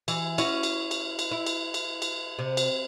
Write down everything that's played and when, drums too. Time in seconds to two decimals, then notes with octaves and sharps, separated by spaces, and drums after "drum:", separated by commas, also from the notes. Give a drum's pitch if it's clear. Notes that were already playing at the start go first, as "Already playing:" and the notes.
0.08 E3, drum: cymbal
0.38 C#4 E4 F#4, drum: cymbal
0.63 drum: cymbal
0.91 drum: cymbal
1.19 drum: cymbal
1.31 E4
1.46 drum: cymbal
1.74 drum: cymbal
2.02 drum: cymbal
2.39 C3
2.57 drum: cymbal